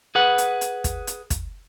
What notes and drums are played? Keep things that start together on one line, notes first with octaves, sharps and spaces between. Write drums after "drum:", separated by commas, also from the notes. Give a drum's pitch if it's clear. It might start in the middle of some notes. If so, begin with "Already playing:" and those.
G#4 B4 F#5
drum: hi-hat
drum: hi-hat
drum: kick, hi-hat
drum: hi-hat
drum: kick, hi-hat